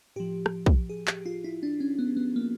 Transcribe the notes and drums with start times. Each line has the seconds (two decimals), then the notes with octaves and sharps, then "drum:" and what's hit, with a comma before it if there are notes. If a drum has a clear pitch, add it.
0.16 A2 F3 G4
0.46 drum: rim click
0.66 drum: kick
0.90 G#4
1.07 G4, drum: clap
1.26 F4
1.44 E4
1.63 D4
1.80 C#4
1.99 B3
2.17 B3
2.36 A#3